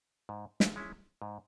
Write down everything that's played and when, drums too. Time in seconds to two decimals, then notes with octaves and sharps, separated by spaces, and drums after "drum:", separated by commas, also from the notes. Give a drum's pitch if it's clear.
0.29 G#2
0.60 drum: snare
0.76 G#3 C#4 E4
1.22 G#2